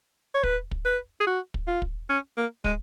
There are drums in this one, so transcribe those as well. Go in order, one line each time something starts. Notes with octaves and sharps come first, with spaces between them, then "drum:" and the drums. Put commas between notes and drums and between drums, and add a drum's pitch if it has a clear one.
C#5
B4, drum: kick
drum: kick
B4
G#4
F#4
drum: kick
F4
drum: kick
C#4
A#3
G#3, drum: kick